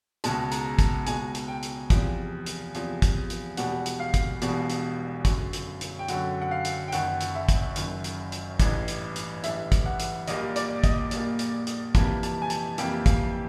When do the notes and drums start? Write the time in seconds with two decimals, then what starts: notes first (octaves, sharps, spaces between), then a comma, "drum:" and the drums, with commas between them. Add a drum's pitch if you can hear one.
0.24 C#2 B2 G#3 A5, drum: hi-hat
0.52 A#5, drum: hi-hat
0.79 A5, drum: kick, hi-hat
1.07 C#2 B2 G#3 G#5, drum: hi-hat
1.35 drum: hi-hat
1.48 G5
1.63 drum: hi-hat
1.90 E2 C3 F3, drum: kick, hi-hat
2.46 drum: hi-hat
2.75 E2 C3 F3, drum: hi-hat
3.02 drum: kick, hi-hat
3.30 drum: hi-hat
3.57 E1 E2 B2 G3 F#5, drum: hi-hat
3.86 drum: hi-hat
4.00 F5
4.14 drum: kick, hi-hat
4.42 E1 E2 B2 G3, drum: hi-hat
4.70 drum: hi-hat
5.25 F#2 D3 F#3, drum: kick, hi-hat
5.53 drum: hi-hat
5.81 drum: hi-hat
5.99 G5
6.08 F#2 D3 F#3 F#5, drum: hi-hat
6.42 F#5
6.51 F5
6.65 drum: hi-hat
6.88 G5
6.92 F#1 F#2 D#3 F#5, drum: hi-hat
7.21 drum: hi-hat
7.35 E5
7.49 drum: kick, hi-hat
7.76 F#1 F#2 D#3, drum: hi-hat
8.04 drum: hi-hat
8.32 drum: hi-hat
8.60 A1 G2 E3, drum: kick, hi-hat
8.88 drum: hi-hat
9.16 drum: hi-hat
9.44 A1 G2 E3 E5, drum: hi-hat
9.72 drum: kick, hi-hat
9.86 F#5
10.00 drum: hi-hat
10.28 A#1 A#2 G3 A#3 D#5, drum: hi-hat
10.56 D5, drum: hi-hat
10.84 D#5, drum: kick, hi-hat
11.11 A#1 A#2 G3 A#3, drum: hi-hat
11.39 drum: hi-hat
11.67 drum: hi-hat
11.95 F2 C3 E3 G3 A#3 A5, drum: kick, hi-hat
12.23 A5, drum: hi-hat
12.42 G#5
12.50 A5, drum: hi-hat
12.78 F2 C3 E3 G3 A#3 G5, drum: hi-hat
13.06 F5, drum: kick, hi-hat